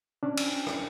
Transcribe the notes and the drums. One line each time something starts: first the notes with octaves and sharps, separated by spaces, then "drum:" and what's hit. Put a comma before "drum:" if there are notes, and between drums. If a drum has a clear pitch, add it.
C#4 D4
drum: cymbal
drum: rim click